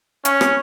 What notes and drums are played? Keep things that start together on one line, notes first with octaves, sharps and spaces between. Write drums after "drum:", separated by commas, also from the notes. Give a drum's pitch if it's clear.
C#4, drum: hi-hat
drum: rim click